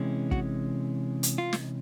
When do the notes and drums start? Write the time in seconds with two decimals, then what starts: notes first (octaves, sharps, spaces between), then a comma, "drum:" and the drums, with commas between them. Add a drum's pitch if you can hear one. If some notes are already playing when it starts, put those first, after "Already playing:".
Already playing: C3 E3 G#3 C#4
0.31 F#4, drum: kick
1.23 drum: hi-hat
1.38 F4
1.53 drum: snare